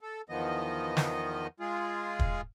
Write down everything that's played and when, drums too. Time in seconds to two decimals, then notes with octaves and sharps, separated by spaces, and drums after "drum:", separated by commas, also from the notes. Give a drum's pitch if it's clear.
0.01 A4
0.29 E2 D#3 F3 B3 D#5
0.97 drum: snare
1.60 G#3 F4 G#4
2.19 drum: kick